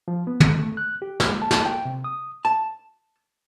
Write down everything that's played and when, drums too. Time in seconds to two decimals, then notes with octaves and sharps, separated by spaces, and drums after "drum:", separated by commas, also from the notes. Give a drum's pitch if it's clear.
0.08 F3
0.27 B3
0.40 G#3, drum: tom
0.59 A3
0.77 F#6
1.02 G4
1.20 drum: snare
1.30 G#3
1.42 A5
1.51 drum: snare
1.66 G5
1.85 C3
2.04 D#6
2.45 A5